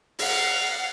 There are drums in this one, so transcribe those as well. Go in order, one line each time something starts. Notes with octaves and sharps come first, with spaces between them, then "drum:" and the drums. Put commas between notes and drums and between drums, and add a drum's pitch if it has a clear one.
F5 F#5, drum: open hi-hat